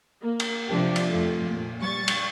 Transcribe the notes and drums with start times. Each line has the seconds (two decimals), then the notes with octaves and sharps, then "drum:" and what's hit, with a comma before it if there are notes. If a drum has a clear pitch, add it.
0.23 A#3
0.40 drum: cymbal
0.68 C3 F3 D4 G4
0.96 drum: cymbal
1.09 F2 F3 A3
1.45 A#2
1.80 G3 C#6 A6
2.08 drum: cymbal